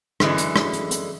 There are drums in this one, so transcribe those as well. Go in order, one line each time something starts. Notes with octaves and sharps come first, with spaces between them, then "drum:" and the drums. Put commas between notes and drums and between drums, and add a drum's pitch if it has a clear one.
F#2 D3 E3 G#3, drum: rim click
drum: hi-hat
drum: rim click
drum: hi-hat
drum: hi-hat